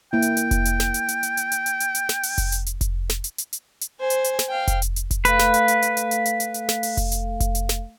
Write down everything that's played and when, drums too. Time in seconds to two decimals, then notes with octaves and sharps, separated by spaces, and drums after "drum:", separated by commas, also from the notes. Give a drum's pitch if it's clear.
0.13 A#3 E4 G5
0.22 drum: hi-hat
0.37 drum: hi-hat
0.51 drum: kick F1, hi-hat
0.65 drum: hi-hat
0.80 drum: snare
0.94 drum: hi-hat
1.08 drum: hi-hat
1.23 drum: hi-hat
1.37 drum: hi-hat
1.52 drum: hi-hat
1.66 drum: hi-hat
1.80 drum: hi-hat
1.95 drum: hi-hat
2.09 drum: snare
2.23 drum: open hi-hat
2.38 drum: kick F1, hi-hat
2.52 drum: hi-hat
2.66 drum: hi-hat
2.81 drum: kick F1, hi-hat
3.10 drum: snare
3.24 drum: hi-hat
3.38 drum: hi-hat
3.53 drum: hi-hat
3.81 drum: hi-hat
4.00 C5 G#5
4.10 drum: hi-hat
4.24 drum: hi-hat
4.39 drum: snare
4.49 F5 G5
4.68 drum: kick F1, hi-hat
4.82 drum: hi-hat
4.96 drum: hi-hat
5.11 drum: kick F1, hi-hat
5.25 A3 A4 B4 F5, drum: hi-hat
5.39 drum: snare
5.54 drum: hi-hat
5.68 drum: hi-hat
5.82 drum: hi-hat
5.97 drum: hi-hat
6.11 drum: hi-hat
6.25 drum: hi-hat
6.40 drum: hi-hat
6.54 drum: hi-hat
6.69 drum: snare
6.83 drum: open hi-hat
6.97 drum: kick F1, hi-hat
7.12 drum: hi-hat
7.40 drum: kick F1, hi-hat
7.55 drum: hi-hat
7.69 drum: snare